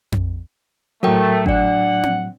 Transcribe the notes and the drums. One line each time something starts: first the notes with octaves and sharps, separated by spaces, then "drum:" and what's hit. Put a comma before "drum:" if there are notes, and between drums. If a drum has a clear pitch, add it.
drum: tom F2
A2 F#3 A3 A4 A#4 G5
D4 D5 F#5, drum: kick G#1
drum: tom C4